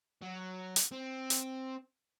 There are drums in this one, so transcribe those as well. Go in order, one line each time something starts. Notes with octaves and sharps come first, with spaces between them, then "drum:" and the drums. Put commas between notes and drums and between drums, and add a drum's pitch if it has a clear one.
F#3
drum: hi-hat
C4
drum: hi-hat